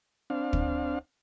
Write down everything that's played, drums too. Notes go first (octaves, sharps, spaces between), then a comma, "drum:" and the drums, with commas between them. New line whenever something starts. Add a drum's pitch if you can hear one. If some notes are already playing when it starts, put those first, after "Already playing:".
C4 D4 F5
drum: kick